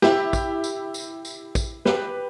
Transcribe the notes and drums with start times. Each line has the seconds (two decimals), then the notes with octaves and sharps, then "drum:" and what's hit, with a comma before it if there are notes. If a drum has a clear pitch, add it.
0.02 E4 G4, drum: snare
0.33 drum: kick, tambourine
0.64 drum: tambourine
0.94 drum: tambourine
1.25 drum: tambourine
1.55 drum: kick, tambourine
1.85 G4 B4, drum: snare